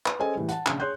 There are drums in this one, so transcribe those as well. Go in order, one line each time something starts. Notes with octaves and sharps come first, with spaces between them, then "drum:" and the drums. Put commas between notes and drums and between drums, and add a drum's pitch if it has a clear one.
B4, drum: clap
C#4 G#4 A4 C5 D#5 G#5
A2 E3 G3
F#5 A5, drum: hi-hat
A#1 C#3, drum: clap
G#4 C#5 C6 F#6 G6